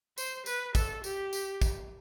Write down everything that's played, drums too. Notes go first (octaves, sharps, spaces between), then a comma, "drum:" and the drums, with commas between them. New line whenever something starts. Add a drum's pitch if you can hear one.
C5, drum: tambourine
B4, drum: tambourine
A4, drum: kick, tambourine
G4, drum: tambourine
drum: tambourine
drum: kick, tambourine